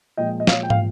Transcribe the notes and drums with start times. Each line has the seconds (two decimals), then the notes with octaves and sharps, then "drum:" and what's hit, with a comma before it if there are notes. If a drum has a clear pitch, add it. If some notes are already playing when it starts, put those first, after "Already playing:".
0.17 A#2 F3 G#3 D#5 G5
0.40 D#5
0.47 C#5 F5, drum: snare
0.63 G5
0.70 F5, drum: tom